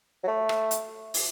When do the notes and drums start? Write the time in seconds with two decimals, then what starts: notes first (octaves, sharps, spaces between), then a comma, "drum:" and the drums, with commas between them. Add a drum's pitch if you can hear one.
0.23 F#3
0.27 A3
0.49 drum: rim click
0.71 drum: hi-hat
1.14 drum: open hi-hat